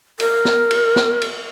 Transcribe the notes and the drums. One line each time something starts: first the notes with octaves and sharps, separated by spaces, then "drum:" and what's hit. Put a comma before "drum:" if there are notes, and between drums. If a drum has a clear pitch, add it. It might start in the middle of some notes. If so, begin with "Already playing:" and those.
A#4, drum: cymbal
drum: snare
drum: cymbal
drum: snare
drum: cymbal